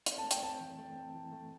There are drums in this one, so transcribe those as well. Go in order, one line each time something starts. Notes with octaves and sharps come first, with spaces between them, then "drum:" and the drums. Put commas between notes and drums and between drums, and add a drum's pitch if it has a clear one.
C4, drum: hi-hat
A5
A3
G5, drum: hi-hat
C4 A5
E3
A3
C4
E3
A3